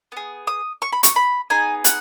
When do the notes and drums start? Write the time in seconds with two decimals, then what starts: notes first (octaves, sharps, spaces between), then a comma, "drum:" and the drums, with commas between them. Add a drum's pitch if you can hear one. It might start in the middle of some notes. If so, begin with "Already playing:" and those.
0.12 B3 G#4
0.47 D#6
0.82 C#6
0.93 B5
1.03 C#6, drum: hi-hat
1.16 B5
1.50 B3 D#4 G#4 G#5
1.84 F#5, drum: hi-hat